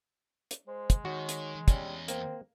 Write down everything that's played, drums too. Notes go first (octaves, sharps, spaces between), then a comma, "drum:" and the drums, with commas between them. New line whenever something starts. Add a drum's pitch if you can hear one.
drum: hi-hat
G#3 C5
drum: kick, hi-hat
D#3 F#4 C#5
drum: hi-hat
E2 G3 C#4 D#5, drum: kick, hi-hat
A#3 C4, drum: hi-hat